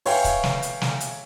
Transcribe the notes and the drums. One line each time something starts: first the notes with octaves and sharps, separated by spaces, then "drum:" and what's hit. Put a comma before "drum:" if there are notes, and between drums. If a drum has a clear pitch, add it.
B4 C#5 E5 F5 G5 G#5, drum: open hi-hat
drum: kick, hi-hat
drum: snare
drum: hi-hat
drum: snare
drum: hi-hat